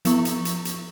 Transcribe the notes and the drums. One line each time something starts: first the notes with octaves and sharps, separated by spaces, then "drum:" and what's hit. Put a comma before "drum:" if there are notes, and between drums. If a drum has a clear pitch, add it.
F3 B3 E4 C#6, drum: hi-hat
drum: hi-hat
drum: hi-hat
drum: hi-hat